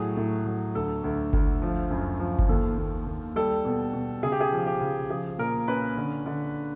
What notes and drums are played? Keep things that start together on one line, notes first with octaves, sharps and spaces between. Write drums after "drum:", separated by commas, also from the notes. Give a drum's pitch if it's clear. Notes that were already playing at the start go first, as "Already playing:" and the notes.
Already playing: A2 F#3 G#4
A2
F#3
D2 A4
D2
D2, drum: kick G1
F3
F#2
F3
drum: kick G1
D#2 A4
D#2
D#2
G3 A4
B2
B2
C#3 G#4
G4
G#4
F3
G4
C#3
F3 G#4
A#2 A#4
C#4 B4
D3
D3